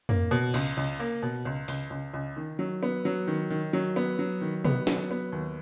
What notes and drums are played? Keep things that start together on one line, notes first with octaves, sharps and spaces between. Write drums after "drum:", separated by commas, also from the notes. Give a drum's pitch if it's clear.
A#3, drum: tom F2
B2
C#2, drum: cymbal
C#2
A#3
B2
C#2
C#2, drum: open hi-hat
C#2
C#2
D#3
F#3
B3
F#3
D#3
D#3
F#3
B3
F#3
D#3
B3, drum: tom B2
F#3, drum: snare
B3
D#2